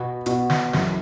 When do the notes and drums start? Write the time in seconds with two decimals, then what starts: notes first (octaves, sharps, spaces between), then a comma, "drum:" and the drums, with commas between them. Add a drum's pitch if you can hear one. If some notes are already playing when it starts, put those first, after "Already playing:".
Already playing: B2 B3 F#4
0.26 B2 B3 F#4, drum: hi-hat
0.50 drum: snare
0.73 F#2 C#3 E3, drum: snare